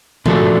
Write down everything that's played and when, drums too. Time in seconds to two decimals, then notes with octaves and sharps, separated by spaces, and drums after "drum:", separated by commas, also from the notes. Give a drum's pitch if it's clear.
0.26 A#2 F3 A3 D4 F#4, drum: tom D3